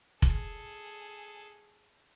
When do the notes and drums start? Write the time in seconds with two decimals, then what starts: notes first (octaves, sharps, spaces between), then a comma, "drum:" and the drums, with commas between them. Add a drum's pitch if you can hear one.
0.22 G#4 A4, drum: kick F1